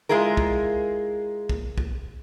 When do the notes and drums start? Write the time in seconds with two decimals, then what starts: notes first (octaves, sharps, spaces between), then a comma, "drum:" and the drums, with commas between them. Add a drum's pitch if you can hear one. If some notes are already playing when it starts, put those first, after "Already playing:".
0.09 G#3 E4 F4 G#4 A#4
0.37 drum: kick
1.50 drum: kick
1.78 drum: kick